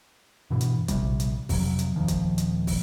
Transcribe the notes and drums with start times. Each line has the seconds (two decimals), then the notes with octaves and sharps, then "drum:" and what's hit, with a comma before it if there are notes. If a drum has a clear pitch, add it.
0.50 G2 B2 E3
0.61 drum: hi-hat
0.88 A#1 C3 G3, drum: kick, hi-hat
1.20 drum: hi-hat
1.49 F2 C3 F#3, drum: kick, open hi-hat
1.79 drum: hi-hat
1.96 D#1 D#3 F3
2.08 drum: kick, hi-hat
2.38 drum: hi-hat
2.67 drum: kick, open hi-hat